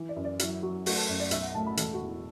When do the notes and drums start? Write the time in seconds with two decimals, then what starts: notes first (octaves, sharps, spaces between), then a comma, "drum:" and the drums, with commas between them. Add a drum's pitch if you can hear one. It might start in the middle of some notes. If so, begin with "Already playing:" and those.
Already playing: E3
0.09 D5
0.16 F#2
0.25 D5
0.39 F#3 E4, drum: hi-hat
0.62 F#3 F#4
0.86 A3 F#4, drum: open hi-hat
0.97 A4
1.08 F#2
1.20 D5
1.31 B1 E5, drum: hi-hat
1.43 F#5
1.54 A2 A5
1.67 B5
1.77 E1 A4, drum: hi-hat
1.94 F#4
2.01 E2
2.08 E4